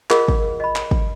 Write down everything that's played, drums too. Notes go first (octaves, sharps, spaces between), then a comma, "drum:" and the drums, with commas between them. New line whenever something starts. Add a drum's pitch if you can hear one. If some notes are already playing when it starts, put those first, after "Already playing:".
F4 G#4 A#4 D#5 F5 F#5, drum: clap
drum: kick
D#5 B5
drum: clap
drum: kick